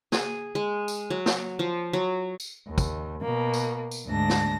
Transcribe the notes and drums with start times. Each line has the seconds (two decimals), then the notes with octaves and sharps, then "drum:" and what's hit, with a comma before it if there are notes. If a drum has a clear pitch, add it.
0.12 G#4, drum: snare
0.55 G#3
0.88 drum: tambourine
1.10 F#3
1.26 drum: snare
1.59 F3
1.93 F#3
2.40 drum: tambourine
2.68 D#2
2.78 drum: kick, tambourine
3.23 B2 A#3
3.54 drum: tambourine
3.91 drum: tambourine
4.07 D2 G#2 D4 A#6
4.29 drum: snare